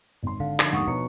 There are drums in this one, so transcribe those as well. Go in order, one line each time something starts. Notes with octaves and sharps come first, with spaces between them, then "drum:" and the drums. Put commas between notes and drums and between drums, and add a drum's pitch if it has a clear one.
G#1 C6
D3 F5
F3 D4 D#4, drum: clap
D#2 G#2 F#5 C#6 D#6
B2 B3 F#4 C#5 A#5 C#6 C#7